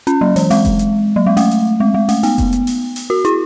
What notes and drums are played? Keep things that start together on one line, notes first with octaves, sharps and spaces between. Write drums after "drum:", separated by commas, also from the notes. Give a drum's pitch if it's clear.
C#4, drum: hi-hat
F#3
E3, drum: open hi-hat
G#3, drum: open hi-hat
drum: kick F1, hi-hat
drum: hi-hat
F#3
G#3
A3, drum: open hi-hat
drum: hi-hat
G#3
G#3
A3, drum: open hi-hat
B3, drum: open hi-hat
drum: kick F1, hi-hat
drum: hi-hat
drum: open hi-hat
drum: open hi-hat
F#4
E4, drum: hi-hat